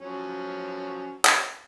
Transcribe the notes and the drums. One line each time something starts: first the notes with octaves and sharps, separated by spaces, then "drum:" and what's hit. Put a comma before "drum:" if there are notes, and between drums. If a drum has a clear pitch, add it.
F3 F#3 C#4
drum: clap